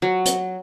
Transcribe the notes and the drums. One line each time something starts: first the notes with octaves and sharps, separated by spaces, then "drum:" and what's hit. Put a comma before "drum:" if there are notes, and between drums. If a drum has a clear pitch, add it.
F#3
drum: hi-hat